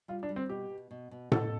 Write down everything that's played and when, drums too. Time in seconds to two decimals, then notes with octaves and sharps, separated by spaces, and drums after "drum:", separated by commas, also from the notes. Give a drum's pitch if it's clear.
0.08 G3 F4
0.23 D4
0.29 G3
0.36 C4
0.49 B2 G4
0.70 B2
0.91 B2
1.11 B2
1.32 B2 A4, drum: tom A2